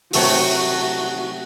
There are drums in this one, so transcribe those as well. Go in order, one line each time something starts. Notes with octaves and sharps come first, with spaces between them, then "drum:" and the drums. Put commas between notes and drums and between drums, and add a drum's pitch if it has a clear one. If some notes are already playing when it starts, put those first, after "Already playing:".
C3 F#3 A3 F#4, drum: open hi-hat